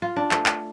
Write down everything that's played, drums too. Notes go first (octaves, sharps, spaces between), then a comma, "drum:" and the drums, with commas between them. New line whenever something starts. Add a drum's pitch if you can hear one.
F4
D4
A3, drum: clap
drum: clap